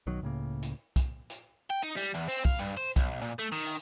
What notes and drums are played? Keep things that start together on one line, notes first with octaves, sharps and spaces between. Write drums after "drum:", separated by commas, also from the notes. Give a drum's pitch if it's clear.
B1 D#3 F#3
C#2 A2 C#3 A#3
drum: hi-hat
drum: kick B1, hi-hat
drum: hi-hat
G5
D#4
G3, drum: hi-hat
E2
C4, drum: open hi-hat
F5, drum: kick B1
G2
C5
B1, drum: kick B1, hi-hat
A#2
A3
D#3
drum: open hi-hat